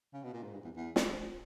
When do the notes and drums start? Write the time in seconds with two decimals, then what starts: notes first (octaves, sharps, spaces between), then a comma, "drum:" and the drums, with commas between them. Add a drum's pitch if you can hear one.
0.14 C#3
0.24 B2
0.34 A#2
0.43 G#2
0.53 G2
0.65 E2
0.76 E2
0.96 drum: snare